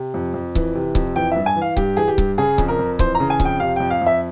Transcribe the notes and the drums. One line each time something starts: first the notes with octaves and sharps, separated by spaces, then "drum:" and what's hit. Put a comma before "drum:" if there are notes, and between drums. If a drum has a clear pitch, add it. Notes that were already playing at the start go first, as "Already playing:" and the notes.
Already playing: C3
F2
F2
E3, drum: kick C#1
C3
F2, drum: kick C#1
E3 G5
G2 E5
G#5
E3
F5
G2 G4, drum: kick C#1
E3 G#4
G4
G2, drum: kick C#1
C#3 G#4
F2, drum: kick C#1
A#4
F2
E3 C5, drum: kick C#1
A#5
C#3
G#5
F2, drum: kick C#1
G5
C3 F5
F2 G5
F5
F2 E5